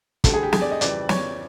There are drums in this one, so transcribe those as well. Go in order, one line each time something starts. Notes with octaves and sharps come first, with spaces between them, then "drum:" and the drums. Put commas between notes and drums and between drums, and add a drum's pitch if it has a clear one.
D2 D3 G3 A4, drum: kick, hi-hat
G#4
G4
G#4, drum: snare
D5
D#5
F2 C#3 E3 G3 D5, drum: hi-hat
C#5, drum: snare